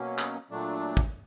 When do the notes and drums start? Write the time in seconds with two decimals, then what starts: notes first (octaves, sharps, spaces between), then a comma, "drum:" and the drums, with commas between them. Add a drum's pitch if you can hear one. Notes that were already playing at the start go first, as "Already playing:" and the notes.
Already playing: B2 F#3 A#3 C#4
0.18 drum: clap
0.50 A#2 F#3 A3 D4
0.97 drum: kick